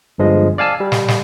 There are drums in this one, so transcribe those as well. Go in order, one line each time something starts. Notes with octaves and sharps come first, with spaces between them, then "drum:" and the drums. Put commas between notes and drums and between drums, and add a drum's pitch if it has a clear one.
G1 G2 F3 G#3 D#5
D5 F5 G#5 A5 E6
G3
drum: snare
drum: snare